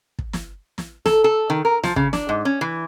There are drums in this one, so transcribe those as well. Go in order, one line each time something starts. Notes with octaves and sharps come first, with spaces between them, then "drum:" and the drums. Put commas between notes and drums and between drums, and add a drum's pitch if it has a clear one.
drum: kick
drum: snare
drum: snare
A4, drum: snare
A4
D#3
A#4
F3, drum: snare
C#3, drum: kick
D4, drum: snare
G#2
C#4
E3